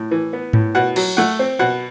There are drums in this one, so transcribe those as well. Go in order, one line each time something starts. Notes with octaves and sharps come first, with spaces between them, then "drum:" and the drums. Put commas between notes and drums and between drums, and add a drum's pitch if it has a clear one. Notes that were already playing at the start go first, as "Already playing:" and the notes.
Already playing: A2
E3
B3
A2, drum: tom G#2
B2 F#5
F#3, drum: cymbal
A3 F#5
C4
B2 F#5